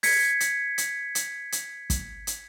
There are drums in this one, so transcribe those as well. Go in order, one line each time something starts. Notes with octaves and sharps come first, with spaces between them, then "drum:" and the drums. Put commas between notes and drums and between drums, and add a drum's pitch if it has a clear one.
G#6 B6 C#7, drum: open hi-hat
drum: hi-hat
drum: hi-hat
drum: hi-hat
drum: hi-hat
drum: kick, hi-hat
drum: hi-hat